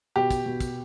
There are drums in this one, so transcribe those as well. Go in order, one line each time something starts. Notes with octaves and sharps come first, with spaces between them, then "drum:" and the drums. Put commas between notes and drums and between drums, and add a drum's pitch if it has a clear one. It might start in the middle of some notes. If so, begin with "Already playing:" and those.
B2 G4
drum: kick, hi-hat
B2
drum: kick, hi-hat